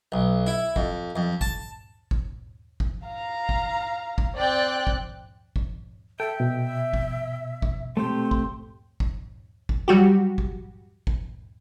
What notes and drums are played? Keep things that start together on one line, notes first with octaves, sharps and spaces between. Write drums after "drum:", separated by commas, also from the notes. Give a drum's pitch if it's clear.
B1
E4
F2, drum: kick
F2
A5, drum: kick
drum: kick
drum: kick
F5 A#5
drum: kick
drum: kick
C4 D5 G5 F#6
drum: kick
drum: kick
A4 E5 G5
B2
drum: kick
drum: kick
A3 C4 G4 C6
drum: kick
drum: kick
drum: kick
F#3 G3 F#4 G4
drum: kick
drum: kick